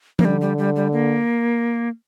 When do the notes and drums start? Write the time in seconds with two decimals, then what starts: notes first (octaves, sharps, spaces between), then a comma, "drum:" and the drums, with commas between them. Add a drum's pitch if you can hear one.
0.19 A#3, drum: tom F3
0.25 D3 G3
0.41 G3
0.58 G3
0.76 G3
0.93 A#3